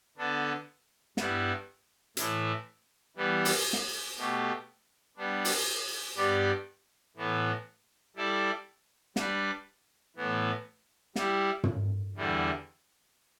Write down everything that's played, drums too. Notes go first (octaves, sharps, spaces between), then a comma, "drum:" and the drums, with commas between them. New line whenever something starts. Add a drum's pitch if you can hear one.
D3 B3 D4 A4
G2 G3 B3 E4, drum: snare
A2 E3 A3 E4, drum: hi-hat
E3 G3 B3
drum: open hi-hat
drum: snare
B2 A3 G4
G3 B3 D4
drum: open hi-hat
G2 G3 B3 G4 D5
A2 E3 B3
G3 E4 A4 D5
G3 D4 B4 D5, drum: snare
A2 E3 B3
G3 E4 G4, drum: snare
drum: tom
E2 D3 G3 E4